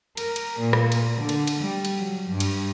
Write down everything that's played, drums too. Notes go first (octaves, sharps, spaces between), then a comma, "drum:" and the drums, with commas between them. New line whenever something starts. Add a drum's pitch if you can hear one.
A#4, drum: cymbal
drum: cymbal
A#2
drum: rim click
drum: cymbal
D3
drum: cymbal
drum: cymbal
G3
drum: cymbal
F#3
G2
drum: cymbal